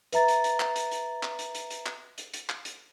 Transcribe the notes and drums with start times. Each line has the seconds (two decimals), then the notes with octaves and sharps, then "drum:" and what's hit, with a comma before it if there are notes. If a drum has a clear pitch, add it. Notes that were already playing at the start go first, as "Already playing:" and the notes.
0.13 B4 E5 A#5 A6, drum: hi-hat
0.28 drum: hi-hat
0.44 drum: hi-hat
0.60 drum: clap
0.76 drum: hi-hat
0.91 drum: hi-hat
1.23 drum: clap
1.39 drum: hi-hat
1.55 drum: hi-hat
1.70 drum: hi-hat
1.86 drum: clap
2.18 drum: hi-hat
2.34 drum: hi-hat
2.49 drum: clap
2.65 drum: hi-hat